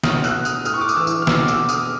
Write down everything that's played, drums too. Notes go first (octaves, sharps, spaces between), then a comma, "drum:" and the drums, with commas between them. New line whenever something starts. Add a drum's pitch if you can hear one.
B2 D#6 F6, drum: snare
E6 F#6, drum: tambourine
D#6 F6, drum: tambourine
A2 D#6 F6, drum: tambourine
C#6
D6
D#6, drum: tambourine
E3 D6 E6
drum: tambourine
F6
B2 D6 E6, drum: snare
D6 E6, drum: tambourine
D#6 F6, drum: tambourine